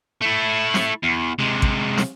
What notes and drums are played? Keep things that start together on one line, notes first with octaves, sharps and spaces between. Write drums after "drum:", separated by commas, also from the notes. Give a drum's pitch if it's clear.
A3 E4
drum: snare
E2
C3 G#3
drum: kick A1
drum: snare